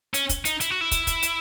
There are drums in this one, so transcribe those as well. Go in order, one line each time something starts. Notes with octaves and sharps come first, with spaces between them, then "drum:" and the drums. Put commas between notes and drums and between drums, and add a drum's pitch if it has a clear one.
C#4, drum: hi-hat
drum: kick, hi-hat
D#4, drum: hi-hat
E4, drum: hi-hat
F#4
E4
drum: kick, hi-hat
drum: kick, hi-hat
drum: hi-hat